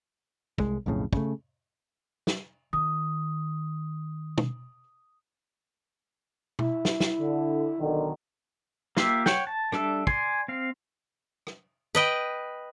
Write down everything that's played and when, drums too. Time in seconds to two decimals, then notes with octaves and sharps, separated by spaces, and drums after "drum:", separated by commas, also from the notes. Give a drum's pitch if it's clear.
0.58 C2 G#3, drum: kick
0.86 B1 F2 A2 C#3
1.13 C#3 A3, drum: kick
2.27 drum: snare
2.73 D#3 D#6
4.38 drum: tom
6.59 E4, drum: tom B2
6.85 drum: snare
7.00 drum: snare
7.20 D3
7.80 B1 D3 D#3
8.97 A#3 F4 G4 E5, drum: snare
9.26 C#5 F#5 G5, drum: snare
9.47 A5
9.72 G3 D4 A4 E5, drum: rim click
10.07 D5 G#5 C6, drum: kick
10.48 C4 F5
11.47 drum: rim click
11.95 B4 D#5 G5